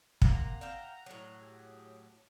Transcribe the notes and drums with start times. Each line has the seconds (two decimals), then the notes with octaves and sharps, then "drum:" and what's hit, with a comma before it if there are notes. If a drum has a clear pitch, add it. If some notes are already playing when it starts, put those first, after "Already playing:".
0.22 C3 A#3 F#5 A#5, drum: kick
0.61 E5 F5 G5
1.06 A2 F#3
1.42 G4 G#4